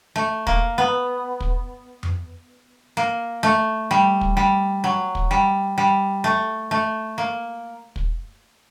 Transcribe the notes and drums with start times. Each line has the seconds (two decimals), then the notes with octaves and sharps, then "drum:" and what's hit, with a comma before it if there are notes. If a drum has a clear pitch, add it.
0.16 A3
0.47 A#3, drum: kick
0.78 B3
1.40 drum: kick
2.03 drum: tom F2
2.97 A#3
3.43 A3
3.91 G3
4.21 drum: kick
4.37 G3
4.84 F#3
5.15 drum: kick
5.31 G3
5.78 G3
6.24 A3
6.71 A3
7.18 A#3
7.96 drum: kick